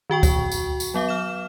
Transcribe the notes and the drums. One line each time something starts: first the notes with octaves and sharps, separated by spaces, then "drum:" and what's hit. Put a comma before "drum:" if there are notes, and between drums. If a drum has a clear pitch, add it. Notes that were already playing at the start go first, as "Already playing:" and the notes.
D#3 F#4 G5 C#6
drum: kick C#2, tambourine
drum: tambourine
drum: tambourine
F#3 B3 F5 D6
F6 E7